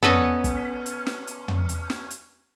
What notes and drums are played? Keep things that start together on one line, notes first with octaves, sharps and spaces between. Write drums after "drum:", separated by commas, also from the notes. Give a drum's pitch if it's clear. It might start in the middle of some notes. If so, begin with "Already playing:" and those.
B3 C#4 A4 B4 D#5, drum: tom
drum: kick, hi-hat
drum: hi-hat
drum: snare
drum: hi-hat
drum: tom
drum: hi-hat
drum: snare
drum: hi-hat